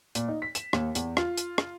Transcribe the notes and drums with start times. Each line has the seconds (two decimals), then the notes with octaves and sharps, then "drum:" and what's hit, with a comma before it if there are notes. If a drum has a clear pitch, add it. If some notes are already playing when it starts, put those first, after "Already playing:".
0.15 A#2, drum: hi-hat
0.28 D#4
0.42 B6
0.55 E7, drum: hi-hat
0.73 D#2, drum: rim click
0.95 E2, drum: hi-hat
1.17 F4, drum: rim click
1.37 drum: hi-hat
1.58 drum: rim click